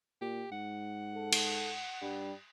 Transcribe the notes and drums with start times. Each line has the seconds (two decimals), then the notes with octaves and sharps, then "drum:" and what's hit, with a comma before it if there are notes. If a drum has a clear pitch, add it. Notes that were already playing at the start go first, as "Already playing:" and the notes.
0.21 A#2 G4
0.52 G#2 F#5
1.15 A4
1.33 drum: cymbal
2.02 G2 G3